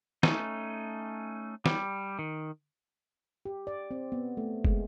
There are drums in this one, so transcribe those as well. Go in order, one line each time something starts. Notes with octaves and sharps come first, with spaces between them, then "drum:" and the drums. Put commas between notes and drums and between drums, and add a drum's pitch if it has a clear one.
A3 C#4 D#4, drum: snare
G3, drum: snare
D#3
G4
D5
C4
B3
A3
G#3, drum: kick